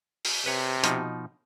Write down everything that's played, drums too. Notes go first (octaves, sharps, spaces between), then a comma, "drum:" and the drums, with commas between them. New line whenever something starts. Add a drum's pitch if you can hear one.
drum: open hi-hat
C3 B4 C#5
B2 F3 D#4, drum: hi-hat